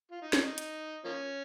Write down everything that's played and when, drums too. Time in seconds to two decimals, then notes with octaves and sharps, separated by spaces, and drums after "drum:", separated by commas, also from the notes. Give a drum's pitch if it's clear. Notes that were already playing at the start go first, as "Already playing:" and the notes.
0.11 F4
0.22 D#4
0.33 C#4, drum: snare
0.44 D#4
0.58 drum: hi-hat
1.04 F3 A#3 C#4